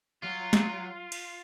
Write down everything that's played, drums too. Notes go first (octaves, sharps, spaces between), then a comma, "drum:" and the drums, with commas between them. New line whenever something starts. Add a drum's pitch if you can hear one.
F#3 F4
drum: snare
drum: cymbal